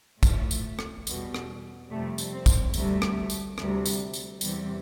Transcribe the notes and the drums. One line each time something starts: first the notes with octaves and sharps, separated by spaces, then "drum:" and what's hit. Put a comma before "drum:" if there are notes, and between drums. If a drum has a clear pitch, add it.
A2 F3 A3, drum: kick, tambourine
drum: tambourine
drum: rim click
E2 B2 G3, drum: tambourine
drum: rim click
F2 C3 G3 A3
drum: tambourine
C4
drum: kick, tambourine
D2 C3 G3 A3, drum: tambourine
drum: rim click
drum: tambourine
D2 C3 G3, drum: rim click
drum: tambourine
drum: tambourine
E2 C3 E3 G3, drum: tambourine